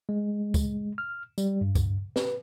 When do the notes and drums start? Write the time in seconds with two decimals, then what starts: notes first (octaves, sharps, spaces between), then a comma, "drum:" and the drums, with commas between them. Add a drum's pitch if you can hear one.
0.09 G#3
0.54 drum: kick C#2, tambourine
0.98 F6
1.38 G3, drum: tambourine
1.61 G2
1.75 drum: kick C#2, tambourine
2.16 B4, drum: snare